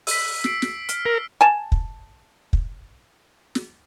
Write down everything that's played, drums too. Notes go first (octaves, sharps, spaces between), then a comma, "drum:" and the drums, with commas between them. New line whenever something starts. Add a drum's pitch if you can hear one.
E6 B6, drum: open hi-hat
E6 C7 D7, drum: snare
D7, drum: snare
F6, drum: hi-hat
A#4
G#5 A5
drum: kick
drum: kick
drum: snare